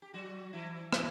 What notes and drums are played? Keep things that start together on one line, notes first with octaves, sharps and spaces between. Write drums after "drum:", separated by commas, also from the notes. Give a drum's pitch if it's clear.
G4
F#3 F#4
E3 E4
E3 E4, drum: rim click